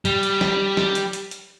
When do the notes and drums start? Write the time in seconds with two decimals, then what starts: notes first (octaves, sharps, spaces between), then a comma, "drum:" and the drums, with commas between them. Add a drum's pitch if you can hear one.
0.05 G3, drum: hi-hat
0.23 drum: hi-hat
0.41 drum: snare
0.77 drum: snare
0.95 drum: hi-hat
1.13 drum: hi-hat
1.31 drum: hi-hat